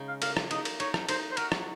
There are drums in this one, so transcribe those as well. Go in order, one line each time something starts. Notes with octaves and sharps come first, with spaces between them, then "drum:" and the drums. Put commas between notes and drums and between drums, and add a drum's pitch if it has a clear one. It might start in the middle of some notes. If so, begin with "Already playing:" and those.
Already playing: C#3 G#3 D#4
F5
A#3 F5, drum: cymbal
drum: rim click
D#4 D#5, drum: cymbal
drum: cymbal
D#4 C#5, drum: cymbal
drum: rim click
D#4 C5, drum: cymbal
C5
F#4 A#4, drum: cymbal
drum: rim click